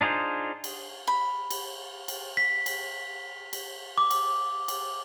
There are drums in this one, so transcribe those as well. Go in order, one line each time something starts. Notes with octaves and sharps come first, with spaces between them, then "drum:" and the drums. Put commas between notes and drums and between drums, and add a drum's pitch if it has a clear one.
D4 D#4 F4 G#4 C5
drum: cymbal
B5
drum: cymbal
drum: cymbal
B6
drum: cymbal
drum: cymbal
D6
drum: cymbal
drum: cymbal